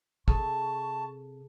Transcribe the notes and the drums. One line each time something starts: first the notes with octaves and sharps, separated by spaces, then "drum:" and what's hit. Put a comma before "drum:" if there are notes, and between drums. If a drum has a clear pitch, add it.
C3 G#4 A4 A5 C#6, drum: kick